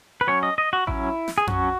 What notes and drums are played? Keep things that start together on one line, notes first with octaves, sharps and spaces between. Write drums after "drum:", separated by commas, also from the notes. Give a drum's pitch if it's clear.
B4
F#3 C#4 C#5
D#5
D#5
F#4
F#3 C#4 E4, drum: kick A1
drum: snare
G#4
F#3 C#4 F#4, drum: tom F2